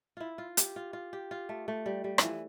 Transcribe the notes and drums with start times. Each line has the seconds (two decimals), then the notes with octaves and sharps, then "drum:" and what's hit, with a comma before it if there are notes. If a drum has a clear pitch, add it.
0.17 E4 F4
0.38 F4
0.57 G4, drum: hi-hat
0.76 F4
0.93 F4
1.13 G4
1.31 F4
1.49 A3
1.68 A3
1.86 G3
2.04 G3
2.18 E3 F3, drum: rim click